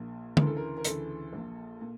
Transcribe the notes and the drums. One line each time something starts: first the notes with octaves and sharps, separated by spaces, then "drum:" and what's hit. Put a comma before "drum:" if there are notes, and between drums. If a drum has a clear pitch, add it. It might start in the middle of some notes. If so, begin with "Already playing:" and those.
Already playing: A#1 A#2
D2 C#3 E3 A#4, drum: tom D3
A4
A#4
A#4
D2 C#3 E3 A4, drum: hi-hat
A#1 A#2
A#2